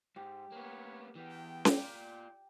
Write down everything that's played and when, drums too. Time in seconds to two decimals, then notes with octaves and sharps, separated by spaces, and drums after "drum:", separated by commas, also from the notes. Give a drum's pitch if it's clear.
0.16 G#2 G4
0.52 A#3 B3 C#5
1.15 E3 B3 G5
1.65 F4 D5, drum: snare C#4